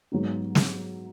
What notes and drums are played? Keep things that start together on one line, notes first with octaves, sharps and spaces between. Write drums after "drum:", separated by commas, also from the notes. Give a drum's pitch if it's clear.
G#2 F#3 B3 D#4
drum: snare